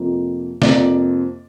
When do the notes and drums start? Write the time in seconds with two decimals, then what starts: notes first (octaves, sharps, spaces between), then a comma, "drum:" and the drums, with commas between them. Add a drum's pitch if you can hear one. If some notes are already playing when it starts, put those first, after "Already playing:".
Already playing: F2 C3 F3 A#3
0.62 F2 C3 F3 A#3 D5, drum: snare